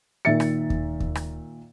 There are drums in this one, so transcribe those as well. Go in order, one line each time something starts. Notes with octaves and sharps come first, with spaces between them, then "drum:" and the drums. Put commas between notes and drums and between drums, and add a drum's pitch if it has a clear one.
A#2 D#3 E5 A6 C#7
drum: rim click
drum: kick D#2
drum: kick D#2
drum: rim click